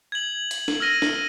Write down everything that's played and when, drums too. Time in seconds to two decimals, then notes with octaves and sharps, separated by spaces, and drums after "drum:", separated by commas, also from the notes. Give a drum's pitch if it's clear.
0.12 G#6 F#7
0.51 F#7, drum: hi-hat
0.68 drum: snare
0.80 E6 F6 A#6 D#7
1.02 drum: snare